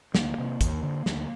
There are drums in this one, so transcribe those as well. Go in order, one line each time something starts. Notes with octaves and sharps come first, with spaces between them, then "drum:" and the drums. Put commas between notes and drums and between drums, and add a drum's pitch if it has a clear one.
D2 A#3, drum: snare
C3
D#2, drum: kick, hi-hat
D3
D2, drum: snare